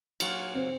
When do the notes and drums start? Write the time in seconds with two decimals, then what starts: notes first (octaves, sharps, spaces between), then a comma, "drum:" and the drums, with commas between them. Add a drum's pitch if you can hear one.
0.20 A#2 F#3 A#3, drum: cymbal
0.54 C4